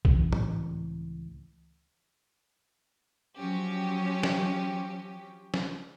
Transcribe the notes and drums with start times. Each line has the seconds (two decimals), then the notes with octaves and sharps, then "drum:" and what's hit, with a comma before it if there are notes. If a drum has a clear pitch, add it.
0.05 C#2 A2 E3 C4, drum: kick
0.33 drum: tom
3.37 F3 F#3 C#4 G4
4.23 drum: snare
5.54 drum: snare